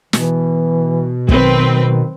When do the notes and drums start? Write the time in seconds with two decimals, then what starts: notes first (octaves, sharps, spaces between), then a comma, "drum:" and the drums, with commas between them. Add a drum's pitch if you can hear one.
0.13 B2 E3, drum: snare
1.29 D#3 F#3 C4 B4, drum: kick